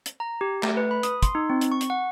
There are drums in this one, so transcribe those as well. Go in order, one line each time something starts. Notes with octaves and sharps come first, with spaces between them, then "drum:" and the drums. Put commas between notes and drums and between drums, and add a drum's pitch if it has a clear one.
drum: hi-hat
A#5
G4
A3, drum: clap
B4
B5
D#6, drum: hi-hat
C6, drum: kick, hi-hat
D#4
C4
drum: hi-hat
C#6
drum: hi-hat
F#5